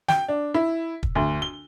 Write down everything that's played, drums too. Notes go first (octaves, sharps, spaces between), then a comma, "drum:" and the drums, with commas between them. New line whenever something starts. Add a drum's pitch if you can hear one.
G5, drum: snare
D4
E4
drum: kick
D2
G7